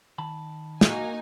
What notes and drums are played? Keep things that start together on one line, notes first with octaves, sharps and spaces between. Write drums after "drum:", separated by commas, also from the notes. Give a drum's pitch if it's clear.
D#3 A5 B5
A#3 D#4 F#4 G#5, drum: snare